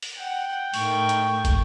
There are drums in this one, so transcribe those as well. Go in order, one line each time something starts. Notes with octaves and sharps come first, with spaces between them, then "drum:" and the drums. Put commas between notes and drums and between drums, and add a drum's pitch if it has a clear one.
drum: open hi-hat
F#5 G5
A2 D#3 C#6, drum: open hi-hat
drum: hi-hat
drum: kick, hi-hat